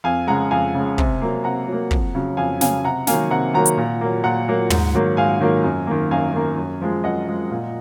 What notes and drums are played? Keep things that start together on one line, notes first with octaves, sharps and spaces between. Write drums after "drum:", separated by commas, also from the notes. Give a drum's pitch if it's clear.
F2 F5 G#5
C#3 G#3 F#5 A#5
F2 F5 G#5
C#3 G#3
C3, drum: kick
F#3 A#3
C3 F#5 A#5
F#3 A#3
F2, drum: kick
C#3 F#3
F2 F5 G#5
C#3 F#3 F5 G#5, drum: snare
C3 F#5 A#5
D#3 F#3 A#3 F5 G#5, drum: snare
C3 F#5 A#5
D#3 F#3 A#3 F#5 A#5
drum: hi-hat
A#2
F#3 A#3
A#2 F#5 A#5
F#3 A#3
G#2, drum: tom
D#3 F#3 A#3
G#2 F5 G#5
D#3 F#3 A#3
F#2
D#3 A#3
F#2 F5 G#5
D#3 A#3
F#2
F3 G#3
F#2 D#5 F#5
F3 G#3
A#2